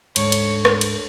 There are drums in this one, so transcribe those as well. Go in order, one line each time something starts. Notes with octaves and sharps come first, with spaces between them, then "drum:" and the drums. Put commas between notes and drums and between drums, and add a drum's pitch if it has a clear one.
D2 G#2 C#5, drum: cymbal
drum: cymbal
drum: rim click
drum: cymbal